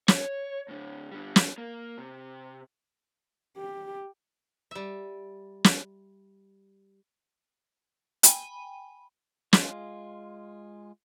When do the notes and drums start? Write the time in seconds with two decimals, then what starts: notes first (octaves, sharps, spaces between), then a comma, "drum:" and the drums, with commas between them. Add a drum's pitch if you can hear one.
0.08 C#5, drum: snare
0.68 A2 D3
1.11 D3 G3
1.36 drum: snare
1.58 A#3
1.98 C3
3.57 G4
4.71 G3 E5
5.64 drum: snare
8.23 G5 G#5 B5 D#7, drum: hi-hat
9.53 G#3 F4, drum: snare